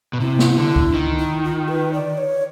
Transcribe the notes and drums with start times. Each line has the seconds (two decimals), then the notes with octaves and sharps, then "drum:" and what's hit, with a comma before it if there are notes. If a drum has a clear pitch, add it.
0.13 B2
0.20 C3 E4
0.39 drum: snare
0.58 D3
0.76 drum: kick C#2
0.94 D#3
1.19 E4
1.44 F4
1.68 B4
1.93 D5
2.18 C#5